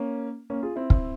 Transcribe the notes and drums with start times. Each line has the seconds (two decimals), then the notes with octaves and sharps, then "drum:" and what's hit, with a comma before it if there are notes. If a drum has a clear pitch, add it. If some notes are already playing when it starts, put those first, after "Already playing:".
Already playing: A#3 C#4
0.50 A#3 C#4
0.63 F4 G#4
0.76 C4 E4
0.90 drum: kick